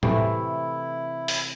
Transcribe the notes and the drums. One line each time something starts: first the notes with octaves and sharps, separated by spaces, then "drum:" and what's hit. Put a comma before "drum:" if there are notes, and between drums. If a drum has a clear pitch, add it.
C3 E3 A3 E4, drum: tom A2
drum: open hi-hat